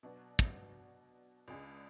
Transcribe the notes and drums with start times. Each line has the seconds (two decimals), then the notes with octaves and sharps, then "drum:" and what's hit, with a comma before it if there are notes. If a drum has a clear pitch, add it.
0.03 B2 F#3 B3 D4 F#4
0.39 drum: kick
1.48 C#2 C#3 G#3 D4 G#4